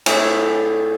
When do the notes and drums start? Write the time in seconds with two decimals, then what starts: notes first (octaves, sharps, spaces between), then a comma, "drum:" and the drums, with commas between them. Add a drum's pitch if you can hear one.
0.06 A2 G#4 D5, drum: cymbal